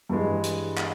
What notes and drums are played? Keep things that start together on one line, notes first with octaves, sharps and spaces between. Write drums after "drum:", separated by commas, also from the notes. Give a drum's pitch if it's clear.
G2 E3 G#3
drum: hi-hat
drum: clap